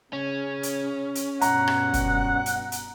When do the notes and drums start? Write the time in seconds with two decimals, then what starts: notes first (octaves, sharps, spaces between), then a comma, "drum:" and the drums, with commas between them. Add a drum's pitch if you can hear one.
0.13 C#3 C#4
0.63 drum: hi-hat
1.15 drum: hi-hat
1.41 G2 B2 F#5 A#5, drum: hi-hat
1.68 drum: rim click
1.94 drum: kick, hi-hat
2.46 drum: hi-hat
2.72 drum: hi-hat